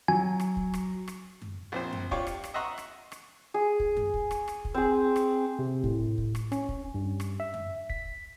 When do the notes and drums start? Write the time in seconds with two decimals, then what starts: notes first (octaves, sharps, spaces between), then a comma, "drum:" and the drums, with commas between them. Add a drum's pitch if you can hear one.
0.08 F#3 G#5
0.40 drum: rim click
0.57 drum: kick
0.74 drum: rim click
1.08 drum: rim click
1.42 drum: tom F#2
1.72 A#1 C4 C5
1.93 drum: tom F#2
2.11 D4 F4 G4 C#5 D5, drum: kick
2.27 drum: rim click
2.44 drum: rim click
2.54 D#5 E5 F#5 A#5 C6 C#6
2.78 drum: rim click
3.12 drum: rim click
3.54 G#4
3.80 drum: kick
3.97 drum: tom F#2
4.14 drum: kick
4.31 drum: rim click
4.48 drum: rim click
4.65 drum: kick
4.74 C4 G#4
5.16 drum: rim click
5.59 C3
5.84 A2, drum: kick
6.18 drum: kick
6.35 drum: rim click
6.52 C#4, drum: rim click
6.69 drum: kick
6.94 G2
7.20 drum: rim click
7.40 E5
7.54 drum: tom F#2
7.90 B6, drum: kick